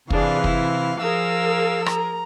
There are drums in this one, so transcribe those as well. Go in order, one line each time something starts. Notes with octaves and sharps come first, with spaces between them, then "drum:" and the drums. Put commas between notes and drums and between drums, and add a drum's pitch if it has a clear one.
C3 E3 D4 G#4 F5, drum: kick
E4, drum: kick
F3 G#4 A#4 F5 E6
A#5, drum: rim click